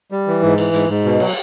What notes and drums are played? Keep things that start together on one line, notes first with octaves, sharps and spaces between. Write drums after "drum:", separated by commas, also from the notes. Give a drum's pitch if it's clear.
G3
E3
G#2
E3, drum: cymbal
G#2, drum: hi-hat
G#2
B2
F#3, drum: cymbal